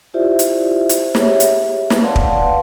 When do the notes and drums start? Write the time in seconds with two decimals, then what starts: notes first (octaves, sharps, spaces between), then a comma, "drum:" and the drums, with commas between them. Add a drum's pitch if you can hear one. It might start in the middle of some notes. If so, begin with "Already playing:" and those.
0.14 E4 F4 G4 C5 D5 E5
0.39 drum: hi-hat
0.89 drum: hi-hat
1.15 G4 G#4 C#5 E5, drum: snare
1.40 drum: hi-hat
1.90 drum: snare
2.02 B4 D5 F5 F#5 A5 C6
2.16 drum: kick